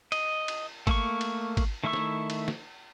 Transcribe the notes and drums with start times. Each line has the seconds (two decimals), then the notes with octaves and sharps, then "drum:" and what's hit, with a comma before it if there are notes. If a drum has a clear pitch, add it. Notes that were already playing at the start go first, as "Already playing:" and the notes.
0.12 D#5, drum: cymbal
0.48 drum: cymbal
0.87 A3 A#3 C#6, drum: kick G#1, cymbal
1.21 drum: cymbal
1.57 drum: kick G#1, cymbal
1.84 D#3 A3 E4 E5 C#6
1.93 drum: snare
2.30 drum: cymbal
2.48 drum: snare